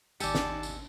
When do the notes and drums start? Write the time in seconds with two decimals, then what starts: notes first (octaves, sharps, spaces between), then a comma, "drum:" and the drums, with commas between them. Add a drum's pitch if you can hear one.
0.20 G#1 D#2 G4 D5 G#5 A5 E6 C#7, drum: tambourine
0.35 drum: snare
0.63 drum: tambourine